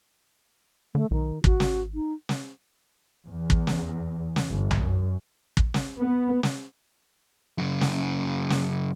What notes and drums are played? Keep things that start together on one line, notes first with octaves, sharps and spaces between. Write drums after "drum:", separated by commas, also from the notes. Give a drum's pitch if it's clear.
D3 A3
B1 D#3
G#1 F#4, drum: kick
drum: snare
D#4
drum: snare
E2
drum: kick
drum: snare
drum: snare
G1
drum: tom B1
F#2
drum: kick
drum: snare
B3
drum: snare
F#2 C#3
drum: snare
drum: snare